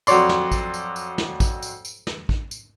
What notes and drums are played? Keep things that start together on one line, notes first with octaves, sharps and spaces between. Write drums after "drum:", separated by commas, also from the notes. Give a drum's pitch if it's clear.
F2 F#3 F#4 C#5 D5 C6, drum: tambourine
drum: snare
drum: kick A1, tambourine
drum: tambourine
drum: tambourine
drum: snare
drum: kick A1, tambourine
drum: tambourine
drum: tambourine
drum: snare
drum: kick A1
drum: tambourine